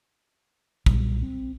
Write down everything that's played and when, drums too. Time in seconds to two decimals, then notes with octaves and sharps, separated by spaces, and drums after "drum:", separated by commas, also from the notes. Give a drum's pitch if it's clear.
0.86 B1 A#2 G3, drum: kick
1.22 C4